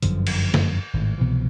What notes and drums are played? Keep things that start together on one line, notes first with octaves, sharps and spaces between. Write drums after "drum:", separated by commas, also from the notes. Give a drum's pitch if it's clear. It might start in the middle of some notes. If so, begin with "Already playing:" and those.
G1 F#2 D3 F3, drum: hi-hat
drum: cymbal
drum: snare
G#1 A2
C2 B2 E3 F3